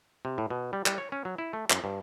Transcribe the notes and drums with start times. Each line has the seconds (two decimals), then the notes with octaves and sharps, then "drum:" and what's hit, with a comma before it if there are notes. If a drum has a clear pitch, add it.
0.25 C3
0.38 A2
0.50 B2
0.73 G3
0.86 G3, drum: clap
0.98 C#5
1.12 C#4
1.25 F#3
1.38 E4
1.53 A3
1.70 F#2, drum: clap
1.84 G2